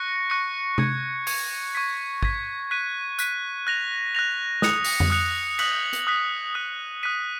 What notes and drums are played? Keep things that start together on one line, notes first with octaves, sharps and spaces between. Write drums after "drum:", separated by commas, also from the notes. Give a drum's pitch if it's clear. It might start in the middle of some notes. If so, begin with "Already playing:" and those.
Already playing: C#6 F#6 A#6 C#7
C#6 F#6 A#6 C#7
C#6 G#6 C#7, drum: tom
C#6 G#6 C#7, drum: open hi-hat
C#6 G#6 B6
C#6 G#6 B6, drum: kick
F#6 B6 D#7
F#6 B6 D#7, drum: tambourine
F#6 A#6 F7
F#6 A#6 F7
D#6 F#6 C#7 F7, drum: snare
drum: open hi-hat
drum: tom F2
D#6 F#6 C#7 F7
D#6 F#6 B6 F#7, drum: cymbal
drum: hi-hat
D#6 F#6 B6 F#7
D#6 F#6 B6 D#7
D#6 F#6 B6 D#7